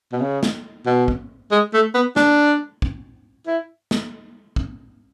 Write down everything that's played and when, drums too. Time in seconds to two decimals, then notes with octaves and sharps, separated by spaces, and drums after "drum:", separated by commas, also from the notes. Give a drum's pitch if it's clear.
0.12 B2
0.21 C#3
0.43 drum: snare
0.86 B2
1.08 drum: kick
1.51 G#3
1.74 A3
1.95 B3
2.16 D4, drum: snare
2.82 drum: kick
3.47 E4
3.91 drum: snare
4.56 drum: kick